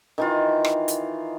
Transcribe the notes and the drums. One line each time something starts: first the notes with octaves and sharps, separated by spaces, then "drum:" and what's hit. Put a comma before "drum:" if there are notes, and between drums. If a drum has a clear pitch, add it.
D#3 E3 F4
drum: rim click
drum: hi-hat